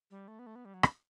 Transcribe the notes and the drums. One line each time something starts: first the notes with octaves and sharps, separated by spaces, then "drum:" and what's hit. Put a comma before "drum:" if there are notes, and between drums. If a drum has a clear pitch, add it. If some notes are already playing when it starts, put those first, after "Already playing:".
G3
A3
B3
A3
B3
G3
F#3
drum: rim click